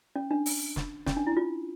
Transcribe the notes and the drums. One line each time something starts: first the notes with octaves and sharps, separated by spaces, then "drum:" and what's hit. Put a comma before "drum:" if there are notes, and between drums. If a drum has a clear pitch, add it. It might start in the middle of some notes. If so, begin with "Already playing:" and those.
C#4
D4
drum: open hi-hat
drum: snare
C#4, drum: snare
D4
E4
F4